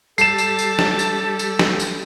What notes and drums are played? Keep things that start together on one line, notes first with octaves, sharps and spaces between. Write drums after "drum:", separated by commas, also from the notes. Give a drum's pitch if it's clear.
G3 A4 A5 C7 E7, drum: tambourine
drum: tambourine
drum: tambourine
drum: snare
drum: tambourine
drum: tambourine
drum: snare
drum: tambourine